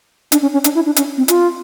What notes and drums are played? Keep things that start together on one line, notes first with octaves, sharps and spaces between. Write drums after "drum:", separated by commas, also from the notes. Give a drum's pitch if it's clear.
D4, drum: hi-hat
C#4
C#4
D4, drum: hi-hat
E4
D4
C#4, drum: hi-hat
C4
F4, drum: hi-hat